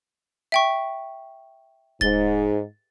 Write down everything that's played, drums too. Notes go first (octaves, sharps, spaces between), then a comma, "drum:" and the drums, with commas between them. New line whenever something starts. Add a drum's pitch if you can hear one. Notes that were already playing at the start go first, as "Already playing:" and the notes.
E5 G5 C#6
G#2 A6 G7, drum: kick D#1